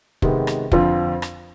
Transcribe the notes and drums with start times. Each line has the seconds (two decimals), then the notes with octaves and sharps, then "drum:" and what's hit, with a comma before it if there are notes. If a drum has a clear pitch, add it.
0.22 C3 D#3 G#3 B3, drum: kick
0.47 drum: rim click
0.72 F2 D3 F3 C4 F4, drum: kick
1.22 drum: rim click